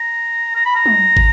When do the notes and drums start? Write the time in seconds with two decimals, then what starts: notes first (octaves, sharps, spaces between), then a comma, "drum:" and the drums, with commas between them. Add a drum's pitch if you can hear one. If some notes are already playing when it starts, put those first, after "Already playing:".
Already playing: A#5
0.55 A#5
0.65 B5
0.75 A#5
0.86 drum: tom
1.17 drum: kick